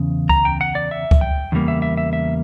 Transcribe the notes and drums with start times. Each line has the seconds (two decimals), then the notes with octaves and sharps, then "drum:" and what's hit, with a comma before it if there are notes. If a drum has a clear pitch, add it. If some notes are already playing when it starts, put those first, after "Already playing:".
Already playing: E2 C#3
0.29 A#5, drum: kick C#2
0.45 G5
0.61 F#5
0.75 D5
0.91 E5
1.11 drum: kick C#2
1.21 G5
1.52 E2 C#3 G3 A#3
1.68 E5
1.82 E5
1.97 E5
2.13 E5